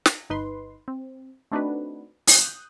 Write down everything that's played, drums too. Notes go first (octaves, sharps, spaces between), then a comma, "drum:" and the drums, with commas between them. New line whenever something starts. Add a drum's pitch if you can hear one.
drum: snare
G1 D#4 B4 C6
C4
A3 C4 D4 D#4 F#4 B4
D#6 F#6 G6, drum: open hi-hat